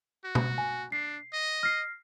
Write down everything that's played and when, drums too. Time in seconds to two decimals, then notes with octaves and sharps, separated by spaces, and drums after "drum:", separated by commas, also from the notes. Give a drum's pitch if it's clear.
0.24 F#4
0.35 drum: tom B2
0.58 G#5
0.92 D4 C7
1.33 D#5
1.63 F6 A#6 C7